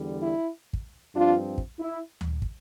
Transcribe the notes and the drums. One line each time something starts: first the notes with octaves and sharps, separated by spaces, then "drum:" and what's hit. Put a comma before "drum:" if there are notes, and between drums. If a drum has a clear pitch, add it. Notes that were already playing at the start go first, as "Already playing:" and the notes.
Already playing: E2 D3 G3
E4
drum: kick
G2 F3 C4 D4 F4
drum: kick
E4
drum: tom D2
drum: kick